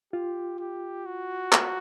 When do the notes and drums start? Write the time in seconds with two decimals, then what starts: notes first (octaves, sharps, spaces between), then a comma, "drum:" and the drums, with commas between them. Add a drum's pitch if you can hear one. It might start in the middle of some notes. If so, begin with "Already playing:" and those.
0.13 F4 G4
0.59 G4
1.06 F#4
1.52 drum: clap